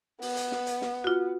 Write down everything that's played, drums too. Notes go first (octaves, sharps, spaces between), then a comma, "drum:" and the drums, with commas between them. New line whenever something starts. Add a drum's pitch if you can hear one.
B3, drum: open hi-hat
drum: hi-hat
drum: snare
drum: hi-hat
drum: snare
F4 F#4